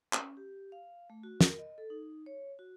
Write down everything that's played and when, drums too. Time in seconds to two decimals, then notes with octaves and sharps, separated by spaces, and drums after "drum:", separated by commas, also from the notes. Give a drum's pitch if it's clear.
0.13 C#4, drum: clap
0.37 G4
0.72 F5
1.10 A3
1.23 F#4
1.41 A#4, drum: snare
1.59 D#5
1.78 A4
1.90 D#4
2.26 C#5
2.59 F#4